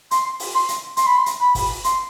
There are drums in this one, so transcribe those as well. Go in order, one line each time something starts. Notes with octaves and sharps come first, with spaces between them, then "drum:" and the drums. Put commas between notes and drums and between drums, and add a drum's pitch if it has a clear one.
C6, drum: hi-hat
drum: open hi-hat
C6
drum: hi-hat
C6, drum: hi-hat
B5
C6
drum: hi-hat
B5
drum: kick, open hi-hat
C6, drum: hi-hat